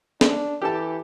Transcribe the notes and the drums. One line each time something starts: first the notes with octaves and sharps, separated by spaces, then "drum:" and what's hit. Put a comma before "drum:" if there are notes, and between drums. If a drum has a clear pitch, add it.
D4, drum: snare
E3 G4 A4 A5